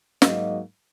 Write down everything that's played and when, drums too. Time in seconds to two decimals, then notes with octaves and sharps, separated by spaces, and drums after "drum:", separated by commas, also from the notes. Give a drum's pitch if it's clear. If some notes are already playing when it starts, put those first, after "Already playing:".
0.22 G#2 F#3 A#3 F#4 D#5, drum: snare